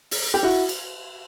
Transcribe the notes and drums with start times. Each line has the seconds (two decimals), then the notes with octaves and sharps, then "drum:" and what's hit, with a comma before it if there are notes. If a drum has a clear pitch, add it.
0.11 drum: open hi-hat
0.34 G4
0.43 E4 F#4
0.69 drum: cymbal